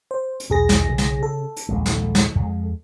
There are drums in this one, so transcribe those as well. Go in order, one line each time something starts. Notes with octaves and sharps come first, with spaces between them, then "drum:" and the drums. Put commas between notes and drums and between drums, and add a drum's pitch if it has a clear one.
C5
drum: hi-hat
B1 E2 G#4 A#6
drum: snare
C#3
drum: snare
A4
drum: hi-hat
D#1 A#1 G#3
drum: snare
drum: snare
F2 G#3